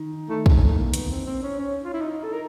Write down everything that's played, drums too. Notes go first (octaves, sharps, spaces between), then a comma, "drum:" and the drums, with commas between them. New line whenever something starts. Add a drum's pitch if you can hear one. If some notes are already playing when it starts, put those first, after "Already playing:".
Already playing: D#3
D#3 A3
G#3, drum: kick
A3
A#3
B3, drum: hi-hat
C4
C4
C#4
C#4
F4
E4
D#4
A4
A#4